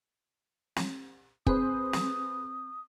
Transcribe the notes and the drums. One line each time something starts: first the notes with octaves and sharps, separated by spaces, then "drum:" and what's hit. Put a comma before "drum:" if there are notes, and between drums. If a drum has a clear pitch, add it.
drum: snare
C4 G#4 B4 C5 D#6, drum: kick
drum: snare